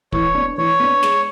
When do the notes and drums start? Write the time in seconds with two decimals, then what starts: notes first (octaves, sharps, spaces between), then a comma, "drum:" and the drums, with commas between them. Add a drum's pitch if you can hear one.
0.12 E3 C#5, drum: kick
0.35 B3 D4
0.57 E3 C#5
0.80 B3 D4
1.03 G#3, drum: snare